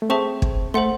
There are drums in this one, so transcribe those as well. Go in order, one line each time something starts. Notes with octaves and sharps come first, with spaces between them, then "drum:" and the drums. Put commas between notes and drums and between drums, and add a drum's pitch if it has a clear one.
A3
C4 G#4 C5 E5 A5 C#6
drum: kick
A3 A4 C5 F#5 C6